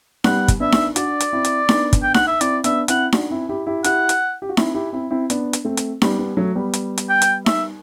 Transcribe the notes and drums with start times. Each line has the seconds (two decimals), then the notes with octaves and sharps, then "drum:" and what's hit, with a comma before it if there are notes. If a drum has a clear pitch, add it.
0.24 G3 B3 F#5, drum: snare D#4
0.48 drum: kick, hi-hat
0.60 B3 D4 E5
0.72 drum: snare D#4
0.96 D4 F#4 D5, drum: hi-hat
1.20 drum: hi-hat
1.33 C4 E4
1.45 drum: hi-hat
1.69 B3 D4, drum: snare D#4
1.93 drum: kick, hi-hat
2.03 G5
2.14 F#5, drum: snare D#4
2.27 E5
2.41 C4 E4 D5, drum: hi-hat
2.64 B3 D4 E5, drum: hi-hat
2.88 C4 E4 F#5, drum: hi-hat
3.12 D4 F#4, drum: snare D#4
3.30 C4 E4
3.49 E4 G4
3.67 E4 G4
3.84 E4 G4 F#5, drum: hi-hat
4.09 drum: hi-hat
4.42 G4
4.49 F#4
4.57 C4 E4, drum: snare D#4
4.75 E4 G4
4.93 C4 E4
5.11 C4 E4
5.30 B3 D4, drum: hi-hat
5.53 drum: hi-hat
5.65 A3 C4
5.77 drum: hi-hat
6.02 G3 B3, drum: snare D#4
6.19 G3 B3
6.37 F#3 A3
6.55 G3 B3
6.74 drum: hi-hat
6.98 drum: hi-hat
7.10 G5
7.22 drum: hi-hat
7.46 E5, drum: snare D#4